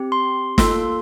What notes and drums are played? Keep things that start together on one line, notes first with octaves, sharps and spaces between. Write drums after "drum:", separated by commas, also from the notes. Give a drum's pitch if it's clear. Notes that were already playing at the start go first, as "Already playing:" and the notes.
Already playing: C4 G4
C6
A#3 F4 A4 C6, drum: snare